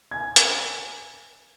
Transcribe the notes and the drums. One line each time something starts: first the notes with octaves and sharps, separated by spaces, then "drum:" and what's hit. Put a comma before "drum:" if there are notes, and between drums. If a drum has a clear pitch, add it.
G#5 G#6
drum: hi-hat